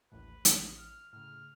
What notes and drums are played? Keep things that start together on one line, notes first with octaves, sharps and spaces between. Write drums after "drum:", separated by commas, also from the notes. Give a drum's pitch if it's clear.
A1 D#2 A2 B4
A1 D#6, drum: hi-hat
F6
A2 C#3 F6